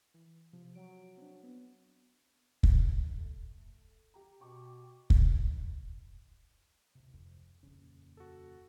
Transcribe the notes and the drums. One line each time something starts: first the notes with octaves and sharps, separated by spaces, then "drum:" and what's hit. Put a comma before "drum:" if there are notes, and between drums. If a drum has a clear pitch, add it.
E3
C3 F3
F#3 D7
C4 D4
B3
drum: kick
A3
G4 A#5
B2 G5 C#6 D6
drum: kick
D1 A1 C3
F2
D#1 F2 A#2 C#3 C#4
F#4 A4